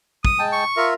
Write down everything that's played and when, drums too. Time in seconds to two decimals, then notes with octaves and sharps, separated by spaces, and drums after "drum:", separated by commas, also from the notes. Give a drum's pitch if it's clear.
0.25 D#6, drum: kick
0.39 G#3 G5 A5
0.53 C#6
0.77 F4 A#4 E5